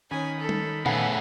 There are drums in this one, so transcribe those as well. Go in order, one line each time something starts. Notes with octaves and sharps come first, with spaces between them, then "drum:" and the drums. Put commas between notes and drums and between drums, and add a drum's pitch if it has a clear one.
D#3 C#4 G#5 B5 D#6
A4
drum: tom G3
A2 C#3 B3 E5 F#5, drum: tom A#2